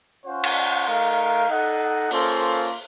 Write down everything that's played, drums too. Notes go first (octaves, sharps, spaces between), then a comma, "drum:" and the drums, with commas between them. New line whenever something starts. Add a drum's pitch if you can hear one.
C#4 F4 C5 F#5
drum: cymbal
A3 D#4 A#4 F5
D#4 A4 D#5 F#5
A#3 C#4 F4 A4 C5, drum: open hi-hat